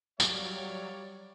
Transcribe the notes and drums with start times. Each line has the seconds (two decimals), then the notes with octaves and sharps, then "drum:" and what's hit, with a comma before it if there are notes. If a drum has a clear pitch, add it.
0.20 F#3 G3 C#5 D5 F5, drum: tambourine